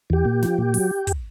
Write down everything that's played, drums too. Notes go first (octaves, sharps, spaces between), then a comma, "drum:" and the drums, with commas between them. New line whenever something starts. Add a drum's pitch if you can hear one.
E2 G4
A#2
F3, drum: snare
A#2
F#3, drum: open hi-hat
drum: kick, hi-hat